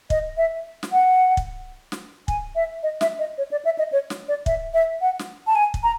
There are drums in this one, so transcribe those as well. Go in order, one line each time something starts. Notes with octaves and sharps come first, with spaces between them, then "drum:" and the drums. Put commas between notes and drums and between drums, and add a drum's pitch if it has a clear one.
D#5, drum: kick
E5
drum: snare
F#5
drum: kick
drum: snare
G#5, drum: kick
E5
D#5
E5, drum: snare
D#5
C#5
D5
E5
D#5
C#5
drum: snare
D5
E5, drum: kick
E5
F#5
drum: snare
A5
G#5
drum: kick
A#5